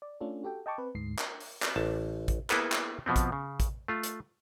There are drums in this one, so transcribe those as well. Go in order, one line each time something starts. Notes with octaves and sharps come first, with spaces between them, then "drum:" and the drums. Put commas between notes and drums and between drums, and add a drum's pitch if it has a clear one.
D5
A3 C#4 D4 F4 A4
F#4 G4 A4 G5
D#5 G5 A5 C#6 D6
C4 B4
D2 G#2 C7
drum: clap
drum: open hi-hat
drum: clap
A1 A5
drum: kick, hi-hat
A#3 B3 E4 G#4 A4 B4, drum: clap
drum: clap
B2 F3 B3 C4
drum: kick, hi-hat
C#3
drum: kick, hi-hat
A3 F4
drum: hi-hat